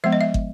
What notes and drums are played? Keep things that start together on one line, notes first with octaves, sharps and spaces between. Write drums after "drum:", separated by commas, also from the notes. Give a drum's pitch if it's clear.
F3 G#3 B3 E5
D#5
E5
drum: kick